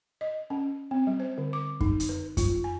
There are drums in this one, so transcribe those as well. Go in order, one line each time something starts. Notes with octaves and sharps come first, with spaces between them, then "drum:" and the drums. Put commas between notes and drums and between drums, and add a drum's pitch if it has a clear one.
D#5
C#4
C4
G3
C5
D3
D6
D#4, drum: kick F#2
drum: hi-hat
B4
F4, drum: kick F#2, hi-hat
G#5